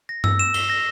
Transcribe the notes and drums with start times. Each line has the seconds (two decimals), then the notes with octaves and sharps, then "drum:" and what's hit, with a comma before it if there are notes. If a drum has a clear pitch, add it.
0.09 A#6
0.24 E6, drum: tom G2
0.39 E7
0.54 G7, drum: cymbal
0.70 A#6